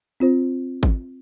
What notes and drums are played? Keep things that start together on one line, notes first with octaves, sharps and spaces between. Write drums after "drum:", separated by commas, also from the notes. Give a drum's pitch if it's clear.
C4 F4 C5
drum: kick